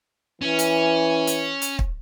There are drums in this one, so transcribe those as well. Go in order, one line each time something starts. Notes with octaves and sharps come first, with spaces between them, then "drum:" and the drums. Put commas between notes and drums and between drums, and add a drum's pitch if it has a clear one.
E3 C#4
drum: hi-hat
drum: hi-hat
drum: hi-hat
drum: kick